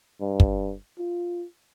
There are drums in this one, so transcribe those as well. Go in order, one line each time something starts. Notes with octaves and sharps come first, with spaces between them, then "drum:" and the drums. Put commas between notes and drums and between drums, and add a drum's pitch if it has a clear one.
G2
drum: kick
F4